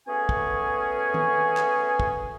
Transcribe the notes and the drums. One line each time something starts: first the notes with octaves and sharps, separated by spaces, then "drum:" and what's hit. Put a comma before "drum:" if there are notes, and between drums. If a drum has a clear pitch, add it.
A3 B3 C#4 F#4 G#4 G#5
drum: kick
drum: tom D#3
drum: clap
drum: kick